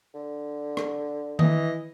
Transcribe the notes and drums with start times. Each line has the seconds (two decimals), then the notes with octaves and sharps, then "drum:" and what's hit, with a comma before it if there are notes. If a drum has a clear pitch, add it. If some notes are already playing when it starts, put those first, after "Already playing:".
0.15 D3
0.77 drum: rim click
1.39 E3 D#5, drum: tom D#3